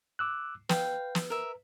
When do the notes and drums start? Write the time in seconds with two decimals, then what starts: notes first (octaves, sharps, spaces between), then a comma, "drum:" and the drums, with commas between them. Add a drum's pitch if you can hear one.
0.19 D6 E6 F#6
0.69 B4 F5 G5, drum: snare
1.15 drum: snare
1.30 A#4 E5